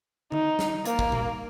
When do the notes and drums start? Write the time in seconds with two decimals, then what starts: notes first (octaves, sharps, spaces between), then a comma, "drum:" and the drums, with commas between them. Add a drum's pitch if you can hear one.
0.32 D#4, drum: tom D3
0.59 drum: snare
0.85 A#3, drum: hi-hat
0.99 drum: kick
1.12 drum: tom A#2